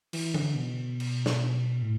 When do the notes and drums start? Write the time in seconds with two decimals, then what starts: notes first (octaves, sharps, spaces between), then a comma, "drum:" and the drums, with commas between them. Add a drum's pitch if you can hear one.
0.13 E3, drum: cymbal
0.34 D3, drum: tom E3
0.55 B2
1.00 drum: cymbal
1.26 drum: snare
1.82 A2